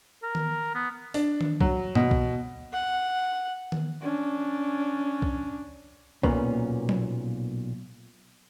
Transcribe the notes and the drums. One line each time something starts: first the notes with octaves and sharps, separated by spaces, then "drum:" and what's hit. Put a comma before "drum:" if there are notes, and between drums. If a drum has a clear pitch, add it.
A#4
drum: tom D#3
B3
D4, drum: open hi-hat
drum: tom D#3
F#3, drum: kick B1
B2, drum: tom G2
drum: kick B1
F#5
drum: tom D#3
C#4 D4
drum: kick B1
B1 A#2 A#3 B3 C#4, drum: kick B1
drum: tom F#3